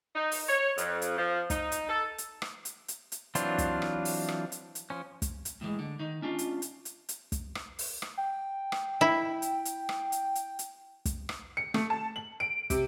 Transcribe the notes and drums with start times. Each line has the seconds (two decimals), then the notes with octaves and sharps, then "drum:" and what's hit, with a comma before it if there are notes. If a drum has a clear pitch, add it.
0.15 D#4
0.32 drum: open hi-hat
0.48 C#5
0.78 F2, drum: hi-hat
1.02 drum: hi-hat
1.18 F3
1.50 D#4, drum: kick, hi-hat
1.72 drum: hi-hat
1.89 A4
2.18 drum: hi-hat
2.42 drum: rim click
2.65 drum: hi-hat
2.88 drum: hi-hat
3.12 drum: hi-hat
3.35 E3 F#3 C4 D4 F4, drum: hi-hat
3.58 drum: kick, hi-hat
3.82 drum: rim click
4.05 drum: open hi-hat
4.28 drum: rim click
4.52 drum: hi-hat
4.75 drum: hi-hat
4.90 F3 C#4
5.22 drum: kick, hi-hat
5.45 drum: hi-hat
5.61 A2 E3 F#3 G#3
5.79 D3
5.99 D#3 D#4
6.22 C#4 D4 F4
6.39 drum: hi-hat
6.62 drum: hi-hat
6.85 drum: hi-hat
7.09 drum: hi-hat
7.32 drum: kick, hi-hat
7.55 drum: rim click
7.79 drum: open hi-hat
8.02 drum: rim click
8.17 G5
8.72 drum: rim click
9.01 E4
9.42 drum: hi-hat
9.65 drum: hi-hat
9.89 drum: rim click
10.12 drum: hi-hat
10.35 drum: hi-hat
10.59 drum: hi-hat
11.05 drum: kick, hi-hat
11.29 drum: rim click
11.57 C#7
11.74 A3, drum: rim click
11.90 A5
12.16 F#7
12.40 D7
12.70 C3, drum: kick, hi-hat